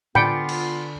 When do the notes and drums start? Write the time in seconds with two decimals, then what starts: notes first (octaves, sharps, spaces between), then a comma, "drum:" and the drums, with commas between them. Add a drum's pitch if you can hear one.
0.15 D3 B3 F4 D5 G5 G#5 B5 C#7, drum: tom A2
0.49 drum: cymbal